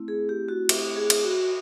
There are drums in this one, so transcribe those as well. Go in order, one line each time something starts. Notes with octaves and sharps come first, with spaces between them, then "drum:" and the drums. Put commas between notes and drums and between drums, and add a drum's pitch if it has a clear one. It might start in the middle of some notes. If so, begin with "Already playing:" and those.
Already playing: A3 C4 E4
G#4
G4
F#4
G4, drum: cymbal
G#4
drum: cymbal
F#4